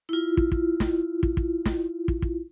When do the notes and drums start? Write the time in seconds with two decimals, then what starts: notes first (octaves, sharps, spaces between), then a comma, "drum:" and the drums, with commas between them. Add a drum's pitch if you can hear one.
0.09 E4 F4
0.37 drum: kick
0.52 drum: kick
0.80 drum: snare
1.23 drum: kick
1.37 drum: kick
1.65 drum: snare
2.08 drum: kick
2.22 drum: kick